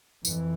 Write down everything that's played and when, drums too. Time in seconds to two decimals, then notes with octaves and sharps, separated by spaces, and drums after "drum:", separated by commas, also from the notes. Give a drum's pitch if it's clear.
0.25 F2 E3, drum: tambourine